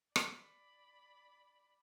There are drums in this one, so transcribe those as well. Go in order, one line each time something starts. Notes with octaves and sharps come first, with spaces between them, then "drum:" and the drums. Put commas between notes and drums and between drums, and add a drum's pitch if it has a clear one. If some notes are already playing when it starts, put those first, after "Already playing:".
D5 B5, drum: rim click